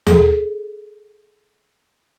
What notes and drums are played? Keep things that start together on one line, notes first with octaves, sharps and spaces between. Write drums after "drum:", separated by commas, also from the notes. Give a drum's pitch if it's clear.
G#4 A4, drum: tom D#2